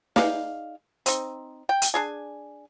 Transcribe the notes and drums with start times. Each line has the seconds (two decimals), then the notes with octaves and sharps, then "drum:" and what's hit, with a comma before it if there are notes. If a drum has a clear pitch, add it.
0.16 D#4 G#4 D5 F5, drum: snare
1.06 C4 D#4, drum: hi-hat
1.69 G5
1.82 drum: hi-hat
1.94 D4 G#4 G#5